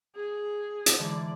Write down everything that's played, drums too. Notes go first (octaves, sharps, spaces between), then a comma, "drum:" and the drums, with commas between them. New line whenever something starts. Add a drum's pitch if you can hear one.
G#4
drum: hi-hat
G#2 D3 E3 D5